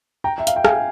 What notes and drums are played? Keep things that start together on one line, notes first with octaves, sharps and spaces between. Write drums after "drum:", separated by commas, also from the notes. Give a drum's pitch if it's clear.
G5 A#5
E5
F5, drum: hi-hat
G5
F5 G#5, drum: rim click